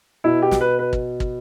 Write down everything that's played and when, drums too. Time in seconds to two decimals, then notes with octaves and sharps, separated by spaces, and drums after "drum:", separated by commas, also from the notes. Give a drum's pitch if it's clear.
0.24 B2 E4
0.42 G4
0.51 drum: snare
0.61 B4
0.79 B4
0.93 drum: kick
1.20 drum: kick